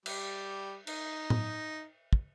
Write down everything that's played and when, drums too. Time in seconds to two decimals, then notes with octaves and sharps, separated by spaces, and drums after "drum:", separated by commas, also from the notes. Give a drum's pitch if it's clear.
0.06 G3 G4, drum: cymbal
0.87 D#4, drum: cymbal
1.30 drum: tom A2
2.13 drum: kick